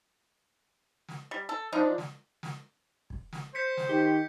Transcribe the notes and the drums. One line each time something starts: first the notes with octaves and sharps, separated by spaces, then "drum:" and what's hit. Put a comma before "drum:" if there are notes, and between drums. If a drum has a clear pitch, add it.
drum: snare
G3
A4
F3 D4 D#4
drum: snare
drum: snare
drum: kick
drum: snare
C5 G6 B6 C#7
drum: snare
D#3 G4